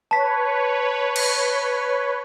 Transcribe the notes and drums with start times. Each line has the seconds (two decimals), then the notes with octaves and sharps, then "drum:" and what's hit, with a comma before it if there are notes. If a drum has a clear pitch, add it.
0.11 B4 C#5 A5 B6
1.16 drum: cymbal